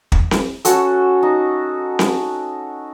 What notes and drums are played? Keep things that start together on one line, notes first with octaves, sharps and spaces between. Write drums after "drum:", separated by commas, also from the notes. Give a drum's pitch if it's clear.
drum: kick
drum: snare C4
C#4 F#4 A4, drum: hi-hat
D#4
drum: snare C4